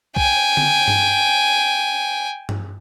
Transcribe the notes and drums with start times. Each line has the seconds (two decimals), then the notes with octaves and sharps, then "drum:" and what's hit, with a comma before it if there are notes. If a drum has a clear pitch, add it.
0.16 G5 G#5, drum: kick B1
0.57 drum: tom D3
0.88 drum: tom G2
2.49 drum: tom G2